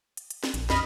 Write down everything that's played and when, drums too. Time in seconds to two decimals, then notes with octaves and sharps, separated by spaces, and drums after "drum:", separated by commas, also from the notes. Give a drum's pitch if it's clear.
0.17 drum: hi-hat
0.31 drum: hi-hat
0.44 drum: snare
0.54 A#1, drum: hi-hat
0.70 F2 D#5 B5 F6, drum: snare